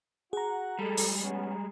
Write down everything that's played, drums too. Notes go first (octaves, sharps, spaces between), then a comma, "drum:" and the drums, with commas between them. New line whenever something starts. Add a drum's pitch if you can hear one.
F#4 G#4 F#5 A#5
G3 G#3 A4
drum: open hi-hat
B3 C#4